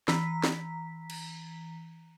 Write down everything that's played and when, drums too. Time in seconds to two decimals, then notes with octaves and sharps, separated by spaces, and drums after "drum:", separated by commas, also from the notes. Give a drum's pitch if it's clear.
0.08 E3 A#5 B6, drum: snare
0.44 drum: snare
1.10 drum: cymbal